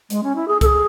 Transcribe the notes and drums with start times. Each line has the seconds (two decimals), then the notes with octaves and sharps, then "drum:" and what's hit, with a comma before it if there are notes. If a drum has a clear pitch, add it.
0.10 G#3, drum: hi-hat
0.23 C#4
0.35 E4
0.48 G#4
0.61 A4, drum: kick, hi-hat
0.66 G#4